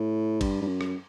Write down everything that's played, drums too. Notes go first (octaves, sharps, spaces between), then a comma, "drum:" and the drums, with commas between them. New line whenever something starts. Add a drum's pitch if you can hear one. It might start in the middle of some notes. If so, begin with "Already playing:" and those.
Already playing: A2
G2, drum: kick, cymbal
G2
F#2
drum: rim click